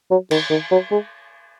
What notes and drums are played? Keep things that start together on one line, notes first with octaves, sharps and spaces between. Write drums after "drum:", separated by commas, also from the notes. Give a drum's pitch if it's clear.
F#3
D#3, drum: cymbal
D#3
F#3
G#3